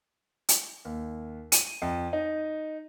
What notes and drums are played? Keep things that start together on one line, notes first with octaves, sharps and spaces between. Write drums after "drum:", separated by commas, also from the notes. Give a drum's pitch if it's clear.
drum: hi-hat
D#2
D#7, drum: hi-hat
F2
D#4